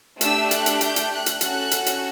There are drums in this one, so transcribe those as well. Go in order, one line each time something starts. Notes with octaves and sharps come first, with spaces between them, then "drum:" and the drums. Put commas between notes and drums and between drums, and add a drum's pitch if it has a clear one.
A3 D4 G4 E6, drum: hi-hat
F#6, drum: hi-hat
drum: hi-hat
G6, drum: hi-hat
drum: hi-hat
F#6
drum: hi-hat
C#4 F#4 A4 F#6, drum: hi-hat
drum: hi-hat
drum: hi-hat